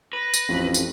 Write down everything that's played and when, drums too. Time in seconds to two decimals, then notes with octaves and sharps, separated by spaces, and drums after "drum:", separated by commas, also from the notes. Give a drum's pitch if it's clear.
0.13 B4 A#6
0.34 drum: tambourine
0.49 A1 F2
0.74 drum: tambourine